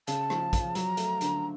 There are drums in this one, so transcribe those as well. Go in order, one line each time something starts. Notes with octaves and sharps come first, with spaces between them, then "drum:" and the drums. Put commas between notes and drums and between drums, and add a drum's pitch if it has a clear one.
C#3 A5, drum: hi-hat
F3, drum: rim click
F3, drum: kick, hi-hat
F#3 A#5, drum: hi-hat
A3, drum: hi-hat
D3, drum: hi-hat